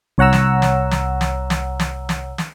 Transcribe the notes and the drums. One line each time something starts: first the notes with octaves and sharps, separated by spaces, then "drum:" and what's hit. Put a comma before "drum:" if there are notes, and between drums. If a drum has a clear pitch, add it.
C2 C#5 F#5 A#5 E6
drum: snare
drum: snare
drum: snare
drum: snare
drum: snare
drum: snare
drum: snare
drum: snare